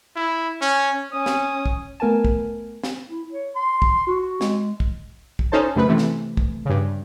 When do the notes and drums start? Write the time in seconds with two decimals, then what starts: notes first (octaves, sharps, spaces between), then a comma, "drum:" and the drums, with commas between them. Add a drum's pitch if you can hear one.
0.16 E4
0.62 C#4
1.12 C#4 D#6
1.26 drum: snare
1.66 drum: kick
2.00 A3 B3 A#4 G#5 A5
2.25 drum: kick
2.84 drum: snare
3.09 E4
3.32 C#5
3.56 C6
3.82 drum: kick
4.07 F#4
4.41 G#3, drum: snare
4.80 drum: kick
5.39 drum: kick
5.52 C#4 D#4 A4 C5 A5
5.76 F#2 C#3 A3 B4
5.88 C3 E3 A3
5.98 drum: snare
6.37 drum: kick
6.65 G2 C#3